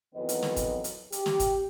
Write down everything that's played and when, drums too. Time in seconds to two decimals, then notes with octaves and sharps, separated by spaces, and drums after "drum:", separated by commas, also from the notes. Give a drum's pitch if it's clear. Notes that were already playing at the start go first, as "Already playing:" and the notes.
0.15 F2 D#3 E3 F#3 B3 D#5
0.29 drum: hi-hat
0.43 drum: snare
0.56 drum: kick, hi-hat
0.84 drum: hi-hat
1.12 G4, drum: hi-hat
1.26 drum: snare
1.40 drum: kick, hi-hat